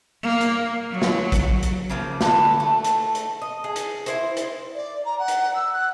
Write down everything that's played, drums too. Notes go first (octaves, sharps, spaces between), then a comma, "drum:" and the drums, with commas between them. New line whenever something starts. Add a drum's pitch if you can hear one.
A#3
drum: hi-hat
F#3
drum: snare
drum: kick, hi-hat
drum: hi-hat
C#3 F3 A#3
D3 A4 B4, drum: snare
A3
drum: hi-hat
drum: hi-hat
D#5
G#4
drum: hi-hat
E4 C5, drum: hi-hat
drum: hi-hat
D5
A#5
F#5
drum: hi-hat
E6
F#6